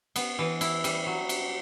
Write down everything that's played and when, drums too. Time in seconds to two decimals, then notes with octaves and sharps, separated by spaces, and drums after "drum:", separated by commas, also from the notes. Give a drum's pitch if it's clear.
0.16 B3, drum: cymbal
0.39 E3
0.61 E4, drum: cymbal
0.84 G3, drum: cymbal
1.06 F#3
1.29 drum: cymbal